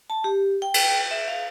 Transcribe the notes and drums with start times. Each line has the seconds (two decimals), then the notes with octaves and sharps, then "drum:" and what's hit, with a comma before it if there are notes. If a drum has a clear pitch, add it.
0.10 A5
0.24 G4
0.62 G5
0.74 drum: cymbal
1.11 E5
1.28 F5